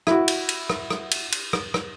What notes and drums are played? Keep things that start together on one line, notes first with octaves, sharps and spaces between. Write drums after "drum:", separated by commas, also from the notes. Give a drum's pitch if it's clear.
E4 F#4, drum: rim click
drum: cymbal
drum: cymbal
drum: rim click
drum: rim click
drum: cymbal
drum: cymbal
drum: rim click
drum: rim click